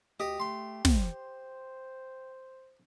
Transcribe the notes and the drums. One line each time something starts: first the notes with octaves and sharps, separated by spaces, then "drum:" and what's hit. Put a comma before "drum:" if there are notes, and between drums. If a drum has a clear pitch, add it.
D2 G4 D#5
A3 C6
C5, drum: snare